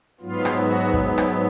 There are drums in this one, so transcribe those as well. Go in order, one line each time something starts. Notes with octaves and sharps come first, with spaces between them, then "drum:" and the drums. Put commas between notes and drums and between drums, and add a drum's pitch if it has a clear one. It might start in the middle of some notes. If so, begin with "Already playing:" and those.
G#2 F#3 B3 F4
drum: rim click
F#4
drum: kick
drum: rim click